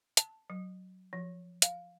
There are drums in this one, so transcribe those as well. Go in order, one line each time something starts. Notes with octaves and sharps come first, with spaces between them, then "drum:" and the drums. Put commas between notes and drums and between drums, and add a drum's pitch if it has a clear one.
A5, drum: hi-hat
F#3
F3
F5, drum: hi-hat